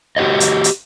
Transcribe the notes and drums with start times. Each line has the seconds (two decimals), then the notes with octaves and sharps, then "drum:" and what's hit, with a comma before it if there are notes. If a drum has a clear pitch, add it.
0.17 F#4 G4 C#5 D#5
0.40 drum: hi-hat
0.64 drum: hi-hat